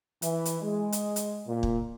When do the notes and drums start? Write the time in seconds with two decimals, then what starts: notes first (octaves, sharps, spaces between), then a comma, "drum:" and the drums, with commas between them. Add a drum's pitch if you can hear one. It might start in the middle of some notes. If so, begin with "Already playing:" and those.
0.22 E3, drum: hi-hat
0.45 drum: hi-hat
0.62 G#3
0.92 drum: hi-hat
1.16 drum: hi-hat
1.47 A#2
1.63 drum: kick